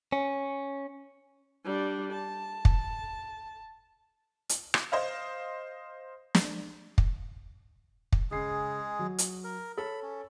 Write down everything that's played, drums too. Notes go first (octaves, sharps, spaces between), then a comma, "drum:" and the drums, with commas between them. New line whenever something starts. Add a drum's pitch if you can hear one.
C#4
G3 D4
A5
drum: kick
drum: hi-hat
drum: rim click
C5 D#5 F5
drum: snare
drum: kick
drum: kick
C#3 G#3 G#4 C7
F#3
drum: hi-hat
A#4
A4 C#5 B5 E6
C#4